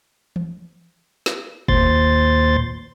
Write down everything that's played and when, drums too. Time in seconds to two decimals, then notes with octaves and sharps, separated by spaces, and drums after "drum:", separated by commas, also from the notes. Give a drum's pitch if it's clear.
0.36 drum: tom E3
1.26 drum: snare
1.68 D#2 A#2 C5 C6 A6, drum: kick F#1